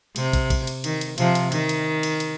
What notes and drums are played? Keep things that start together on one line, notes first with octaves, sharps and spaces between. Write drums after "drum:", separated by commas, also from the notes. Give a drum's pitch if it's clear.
C3, drum: cymbal
drum: kick, cymbal
drum: kick, cymbal
drum: cymbal
D#3, drum: cymbal
drum: cymbal
C3 F3, drum: cymbal
drum: cymbal
D#3, drum: cymbal
drum: cymbal
drum: cymbal
drum: cymbal